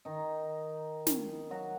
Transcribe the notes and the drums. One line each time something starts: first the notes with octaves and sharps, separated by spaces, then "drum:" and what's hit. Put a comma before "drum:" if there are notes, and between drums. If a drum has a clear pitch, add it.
D#3 D#4
drum: snare
F#3 F#4